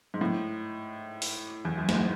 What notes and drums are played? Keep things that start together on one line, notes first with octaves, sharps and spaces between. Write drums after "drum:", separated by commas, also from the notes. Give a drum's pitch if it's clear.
G#2
A2
drum: open hi-hat
E2
F#2
G#2, drum: snare